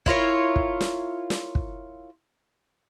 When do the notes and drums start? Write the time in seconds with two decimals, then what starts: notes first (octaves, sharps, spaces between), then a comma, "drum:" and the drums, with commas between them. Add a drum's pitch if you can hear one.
0.06 E4 F4 A#4 C#5, drum: kick
0.56 drum: kick
0.81 drum: snare
1.30 drum: snare
1.55 drum: kick